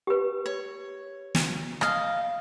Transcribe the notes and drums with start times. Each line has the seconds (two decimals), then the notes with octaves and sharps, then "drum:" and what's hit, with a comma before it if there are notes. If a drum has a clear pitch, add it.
0.07 G4 B4
0.46 C#5
1.35 drum: snare
1.81 D#5 F5, drum: rim click